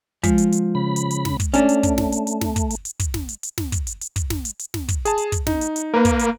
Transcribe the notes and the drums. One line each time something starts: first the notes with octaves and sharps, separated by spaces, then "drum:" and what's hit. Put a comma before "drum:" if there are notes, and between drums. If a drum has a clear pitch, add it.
F3 G#3, drum: kick, hi-hat
drum: hi-hat
drum: hi-hat
C#3 B5
drum: hi-hat
drum: hi-hat
drum: snare
drum: kick, hi-hat
A3 C#4 D4, drum: hi-hat
drum: hi-hat
drum: kick, hi-hat
drum: snare
drum: hi-hat
drum: hi-hat
drum: snare
drum: kick, hi-hat
drum: hi-hat
drum: hi-hat
drum: kick, hi-hat
drum: snare
drum: hi-hat
drum: hi-hat
drum: snare
drum: kick, hi-hat
drum: hi-hat
drum: hi-hat
drum: kick, hi-hat
drum: snare
drum: hi-hat
drum: hi-hat
drum: snare
drum: kick, hi-hat
G#4 A5, drum: hi-hat
drum: hi-hat
drum: kick, hi-hat
D#4, drum: snare
drum: hi-hat
drum: hi-hat
A#3 A#4 B4
drum: kick, hi-hat
drum: hi-hat